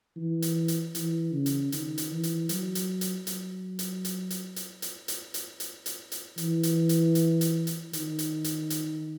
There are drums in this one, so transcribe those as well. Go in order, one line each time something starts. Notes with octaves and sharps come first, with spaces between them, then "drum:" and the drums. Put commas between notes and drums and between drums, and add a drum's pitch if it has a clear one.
E3
drum: hi-hat
drum: hi-hat
E3, drum: hi-hat
C#3
drum: hi-hat
D#3, drum: hi-hat
drum: hi-hat
E3
drum: hi-hat
F#3, drum: hi-hat
drum: hi-hat
drum: hi-hat
F#3, drum: hi-hat
drum: hi-hat
drum: hi-hat
drum: hi-hat
drum: hi-hat
drum: hi-hat
drum: hi-hat
drum: hi-hat
drum: hi-hat
drum: hi-hat
drum: hi-hat
E3, drum: hi-hat
drum: hi-hat
drum: hi-hat
drum: hi-hat
drum: hi-hat
drum: hi-hat
D#3, drum: hi-hat
drum: hi-hat
drum: hi-hat
drum: hi-hat